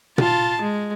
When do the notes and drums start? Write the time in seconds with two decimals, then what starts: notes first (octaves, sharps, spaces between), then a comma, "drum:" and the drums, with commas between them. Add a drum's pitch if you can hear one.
0.18 F4 A5, drum: tom A#2
0.61 G#3